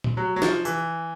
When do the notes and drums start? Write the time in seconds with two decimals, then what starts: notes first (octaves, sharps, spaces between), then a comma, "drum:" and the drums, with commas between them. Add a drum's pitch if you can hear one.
0.04 drum: tom A#2
0.17 F#3
0.36 F#3
0.42 F3, drum: snare
0.65 E3, drum: tambourine